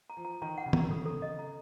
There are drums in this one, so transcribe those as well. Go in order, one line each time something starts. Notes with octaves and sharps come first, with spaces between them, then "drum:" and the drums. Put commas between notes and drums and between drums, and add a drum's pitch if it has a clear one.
A#5
F3
A#5
D#3 A#5
F#5
C#3
A#5, drum: tom
A4
A4
D#5
A#5